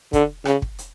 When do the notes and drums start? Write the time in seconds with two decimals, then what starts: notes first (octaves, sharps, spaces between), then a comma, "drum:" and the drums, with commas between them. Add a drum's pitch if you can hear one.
0.13 D3, drum: kick, hi-hat
0.45 C#3, drum: rim click
0.62 drum: kick
0.78 drum: hi-hat